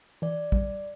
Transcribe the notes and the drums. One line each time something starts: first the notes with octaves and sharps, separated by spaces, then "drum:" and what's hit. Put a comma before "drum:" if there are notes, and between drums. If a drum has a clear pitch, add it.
E3 D5
G3, drum: kick